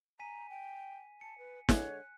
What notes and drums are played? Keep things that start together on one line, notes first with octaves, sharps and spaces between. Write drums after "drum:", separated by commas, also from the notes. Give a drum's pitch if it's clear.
G#5 A#5 B6 D#7
G5
A5 C#7
B4
D3 G#3 C#5 F#6, drum: snare